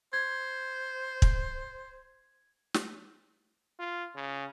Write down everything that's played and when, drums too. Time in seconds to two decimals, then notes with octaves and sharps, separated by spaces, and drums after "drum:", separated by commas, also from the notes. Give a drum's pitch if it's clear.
0.13 C5 G#6
1.22 drum: kick
2.74 drum: snare
3.79 F4
4.16 C#3